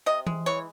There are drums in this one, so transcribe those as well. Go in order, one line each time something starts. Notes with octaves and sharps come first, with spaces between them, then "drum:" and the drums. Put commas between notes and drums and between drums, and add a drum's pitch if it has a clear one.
C3 D#5
G#3, drum: tom E3
E3 C#5